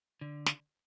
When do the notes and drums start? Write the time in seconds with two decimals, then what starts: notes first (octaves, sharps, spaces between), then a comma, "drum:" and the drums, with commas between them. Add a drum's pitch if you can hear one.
0.21 D3
0.46 drum: snare